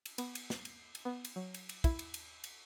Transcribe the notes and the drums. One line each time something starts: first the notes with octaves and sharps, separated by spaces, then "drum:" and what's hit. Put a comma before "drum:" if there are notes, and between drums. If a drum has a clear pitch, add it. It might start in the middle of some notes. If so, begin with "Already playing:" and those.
drum: cymbal
B3, drum: cymbal
drum: cymbal
drum: snare
drum: cymbal
drum: cymbal
B3
drum: cymbal
F#3
drum: cymbal
drum: cymbal
E4, drum: kick, cymbal
drum: cymbal
drum: cymbal
drum: cymbal